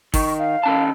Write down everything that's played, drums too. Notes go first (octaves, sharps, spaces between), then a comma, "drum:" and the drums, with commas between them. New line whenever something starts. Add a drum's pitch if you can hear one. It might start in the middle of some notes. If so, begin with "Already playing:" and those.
D#3 C#6, drum: kick, open hi-hat
F5
D#3 C#4 A5